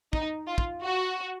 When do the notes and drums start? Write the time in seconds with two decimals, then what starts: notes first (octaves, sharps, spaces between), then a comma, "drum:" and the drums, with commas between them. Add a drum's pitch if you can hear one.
0.13 D#4, drum: kick
0.47 F4
0.58 drum: kick
0.81 F#4